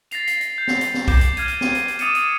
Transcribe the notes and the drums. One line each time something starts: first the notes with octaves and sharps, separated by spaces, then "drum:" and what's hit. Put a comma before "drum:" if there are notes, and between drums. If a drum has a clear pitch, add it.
A6 A#6 C7 F7, drum: hi-hat
drum: hi-hat
drum: hi-hat
G6
drum: snare
drum: hi-hat
drum: snare
D6 G6, drum: kick B1, open hi-hat
drum: hi-hat
F6 G#6 D#7, drum: hi-hat
drum: hi-hat
D#7, drum: snare
drum: hi-hat
drum: hi-hat
D6 D#6 A6 C#7 D#7 E7, drum: hi-hat
drum: hi-hat